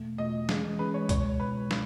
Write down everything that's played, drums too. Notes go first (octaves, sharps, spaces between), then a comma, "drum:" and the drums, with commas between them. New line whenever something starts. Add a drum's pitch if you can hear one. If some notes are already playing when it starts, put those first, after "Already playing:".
Already playing: E2 B2 A3
E2 B2 A3 D#5
E3 G#3 C#4 G#4, drum: snare
E3 G#3 C#4 G#4 B4
C#5
C#2 B2 G#3 C#5, drum: kick C2, hi-hat
C#2 B2 G#3 B4
drum: snare